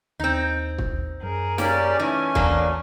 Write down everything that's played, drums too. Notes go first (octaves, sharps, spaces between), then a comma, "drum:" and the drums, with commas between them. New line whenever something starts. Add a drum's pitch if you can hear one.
D#2 C4 D#4
drum: kick
F#2 G#4 A#4
A#3 C#4 G4 D5, drum: snare
E3 A3 C#4 D#4 G#5
E2 F#3 A#3 D4, drum: kick